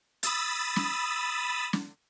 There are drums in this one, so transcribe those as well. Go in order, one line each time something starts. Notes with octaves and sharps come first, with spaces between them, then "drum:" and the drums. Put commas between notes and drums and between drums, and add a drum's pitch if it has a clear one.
B5 D#6 E6 A6, drum: hi-hat
drum: snare
drum: snare